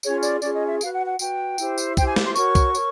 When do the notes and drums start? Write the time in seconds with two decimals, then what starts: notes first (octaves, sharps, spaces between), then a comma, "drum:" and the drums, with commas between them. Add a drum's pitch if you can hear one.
0.03 C#4 F4 G#4 C#5, drum: tambourine
0.23 D5, drum: tambourine
0.42 C#4 F4 G#4 D5, drum: tambourine
0.55 D#5
0.68 E5
0.81 F#4 B4 F5, drum: tambourine
0.94 F#5
1.07 F#5
1.19 F#4 B4 G5, drum: tambourine
1.58 E4 G4 C5, drum: tambourine
1.78 drum: tambourine
1.97 E4 G4 C5 G5, drum: kick C2, tambourine
2.06 G#5
2.16 drum: snare
2.26 C6
2.36 F#4 A#4 C#5 C#6, drum: tambourine
2.55 drum: kick C2, tambourine
2.75 A#4 C#5, drum: tambourine